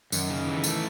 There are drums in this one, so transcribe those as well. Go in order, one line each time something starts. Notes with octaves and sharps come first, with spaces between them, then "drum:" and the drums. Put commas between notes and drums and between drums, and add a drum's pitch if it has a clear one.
F#2 D#3, drum: tambourine
C#3
E3
A3, drum: tambourine